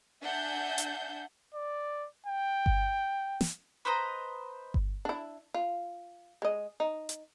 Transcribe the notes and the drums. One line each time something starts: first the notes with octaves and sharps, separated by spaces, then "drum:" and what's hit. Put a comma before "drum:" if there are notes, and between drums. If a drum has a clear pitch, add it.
D4 E5 F#5 G#5 G6
drum: hi-hat
D5
G5
drum: kick G1
drum: snare
B4 C5 D#5 A#5
drum: kick G1
D4 E4
F4
G#3 D#5
D#4
drum: hi-hat